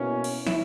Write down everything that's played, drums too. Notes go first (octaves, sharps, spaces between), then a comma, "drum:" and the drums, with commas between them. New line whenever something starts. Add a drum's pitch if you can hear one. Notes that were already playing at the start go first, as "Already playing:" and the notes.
Already playing: B2 A#3 C#4 E4
drum: cymbal
E4, drum: snare